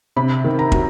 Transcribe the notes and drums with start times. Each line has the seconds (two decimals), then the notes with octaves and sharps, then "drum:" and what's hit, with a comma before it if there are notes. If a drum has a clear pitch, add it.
0.16 C3 B5
0.44 D#3
0.59 A#5
0.72 F#3, drum: kick